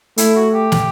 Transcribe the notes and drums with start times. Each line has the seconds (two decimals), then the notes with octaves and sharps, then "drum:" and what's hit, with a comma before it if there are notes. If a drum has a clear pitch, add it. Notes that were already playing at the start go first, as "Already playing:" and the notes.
0.18 A3 E4, drum: hi-hat
0.36 F#4
0.53 G4
0.72 drum: snare